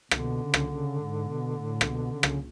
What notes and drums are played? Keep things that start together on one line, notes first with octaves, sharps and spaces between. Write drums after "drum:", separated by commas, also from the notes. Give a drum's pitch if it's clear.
B2 D3, drum: rim click
C#3
drum: rim click
C#3
G#2
B2
A2
B2, drum: rim click
C#3
drum: rim click